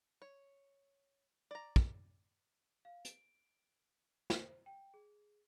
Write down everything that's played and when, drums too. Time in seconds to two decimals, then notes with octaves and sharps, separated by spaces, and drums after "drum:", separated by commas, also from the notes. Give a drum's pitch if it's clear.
0.22 C#5
1.51 D5 A#5
1.76 drum: kick
2.85 F5
3.05 D7, drum: hi-hat
4.30 C5, drum: snare
4.66 G5
4.94 G#4